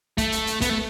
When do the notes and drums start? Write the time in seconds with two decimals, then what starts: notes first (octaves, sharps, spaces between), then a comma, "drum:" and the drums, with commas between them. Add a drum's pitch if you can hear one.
0.18 A3, drum: kick, hi-hat
0.32 drum: hi-hat
0.47 drum: hi-hat
0.61 B3, drum: kick, hi-hat
0.69 A3